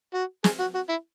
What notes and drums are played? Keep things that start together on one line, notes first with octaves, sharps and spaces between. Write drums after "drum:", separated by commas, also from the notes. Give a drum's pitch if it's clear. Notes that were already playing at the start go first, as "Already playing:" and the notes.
F#4
G#4, drum: snare
F#4
F#4
E4